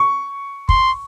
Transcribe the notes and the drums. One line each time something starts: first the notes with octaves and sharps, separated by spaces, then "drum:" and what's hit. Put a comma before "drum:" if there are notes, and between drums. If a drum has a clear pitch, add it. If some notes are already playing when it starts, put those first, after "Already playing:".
Already playing: C#6
C6, drum: kick